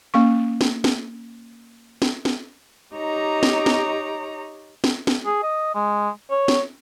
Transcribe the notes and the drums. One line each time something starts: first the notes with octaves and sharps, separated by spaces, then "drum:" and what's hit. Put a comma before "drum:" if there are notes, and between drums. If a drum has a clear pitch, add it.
A#3 C#4 C#6
drum: snare
drum: snare
drum: snare
drum: snare
D#4 G4 C#5 A#5
drum: snare
drum: snare
drum: snare
drum: snare
G#4
D#5
G#3
C#5
drum: snare